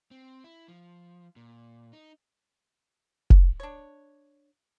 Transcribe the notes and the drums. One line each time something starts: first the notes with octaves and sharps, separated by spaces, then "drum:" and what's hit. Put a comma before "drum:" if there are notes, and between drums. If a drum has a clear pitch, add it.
C4
E4
F3
A#2
D#4
drum: kick F1
D4 C#5